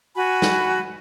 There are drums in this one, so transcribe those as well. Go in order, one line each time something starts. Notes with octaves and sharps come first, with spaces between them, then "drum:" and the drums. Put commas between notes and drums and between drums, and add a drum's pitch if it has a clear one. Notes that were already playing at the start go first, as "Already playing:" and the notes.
F#4 G#5 B5
drum: snare